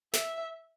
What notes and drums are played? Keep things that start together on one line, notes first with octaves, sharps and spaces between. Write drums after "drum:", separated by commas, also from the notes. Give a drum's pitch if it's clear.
E5, drum: snare